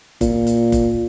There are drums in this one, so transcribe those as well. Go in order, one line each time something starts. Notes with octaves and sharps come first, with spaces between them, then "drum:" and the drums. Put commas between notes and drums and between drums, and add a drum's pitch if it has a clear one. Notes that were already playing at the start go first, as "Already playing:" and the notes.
A#2, drum: kick F#1, hi-hat
drum: hi-hat
drum: kick F#1, hi-hat